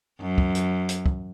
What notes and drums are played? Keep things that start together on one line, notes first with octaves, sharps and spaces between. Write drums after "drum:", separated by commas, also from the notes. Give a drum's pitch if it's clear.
F#2
drum: kick
drum: hi-hat
drum: hi-hat
drum: kick